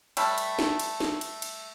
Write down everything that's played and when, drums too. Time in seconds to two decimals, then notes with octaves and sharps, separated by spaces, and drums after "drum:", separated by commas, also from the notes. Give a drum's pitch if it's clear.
0.17 G3 A3 A4 B4, drum: cymbal
0.38 drum: cymbal
0.59 drum: snare
0.80 drum: cymbal
1.00 drum: snare
1.21 drum: cymbal
1.42 drum: cymbal